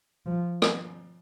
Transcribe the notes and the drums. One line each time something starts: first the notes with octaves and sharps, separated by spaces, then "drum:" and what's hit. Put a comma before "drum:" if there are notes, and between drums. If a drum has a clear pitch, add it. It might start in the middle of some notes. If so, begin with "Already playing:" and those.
F3
drum: rim click